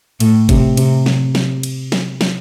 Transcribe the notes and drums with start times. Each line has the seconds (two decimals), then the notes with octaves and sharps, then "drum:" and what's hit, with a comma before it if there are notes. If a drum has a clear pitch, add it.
0.20 A2, drum: cymbal
0.49 C3, drum: kick G1, cymbal
0.77 C3, drum: cymbal
1.06 drum: snare
1.35 drum: snare
1.63 drum: cymbal
1.92 drum: snare
2.21 drum: snare